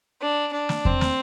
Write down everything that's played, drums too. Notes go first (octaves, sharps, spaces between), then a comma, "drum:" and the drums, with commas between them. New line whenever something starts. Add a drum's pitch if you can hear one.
D4
D4
drum: snare
C4, drum: kick E2
drum: snare